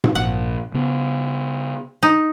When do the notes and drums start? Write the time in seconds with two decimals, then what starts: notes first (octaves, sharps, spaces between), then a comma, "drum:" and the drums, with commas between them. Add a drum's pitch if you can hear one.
0.04 drum: tom G#2
0.15 A#1 F#5
0.74 C#3 B3
2.03 D#4